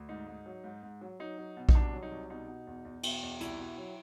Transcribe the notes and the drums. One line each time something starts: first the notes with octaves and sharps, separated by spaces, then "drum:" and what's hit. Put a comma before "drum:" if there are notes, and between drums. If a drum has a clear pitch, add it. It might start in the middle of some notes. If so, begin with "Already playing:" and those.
Already playing: D2
G#2 D#4
G#2
F#3
G#2
G#2
F#3
F#3 D#4
F#3
B2
D#4, drum: kick A#1
C2 D4
F#3
D#4
C2
B2 D#4
B2
E2
E2
B2, drum: cymbal
E2
C2 E4, drum: hi-hat
B2
F#3